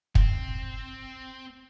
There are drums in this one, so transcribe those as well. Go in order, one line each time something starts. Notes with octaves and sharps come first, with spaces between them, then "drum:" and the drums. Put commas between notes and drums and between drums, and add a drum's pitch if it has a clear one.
C4, drum: kick